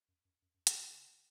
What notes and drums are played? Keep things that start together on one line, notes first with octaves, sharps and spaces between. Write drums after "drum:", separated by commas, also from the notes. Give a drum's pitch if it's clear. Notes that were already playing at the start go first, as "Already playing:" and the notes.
F#2
F#2
F#2
F#2
G#2, drum: hi-hat
C3
C#3